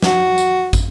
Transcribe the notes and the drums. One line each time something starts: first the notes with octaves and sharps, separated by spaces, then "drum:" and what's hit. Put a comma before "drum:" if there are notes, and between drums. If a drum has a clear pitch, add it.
F#4, drum: snare
drum: tambourine
drum: kick, tambourine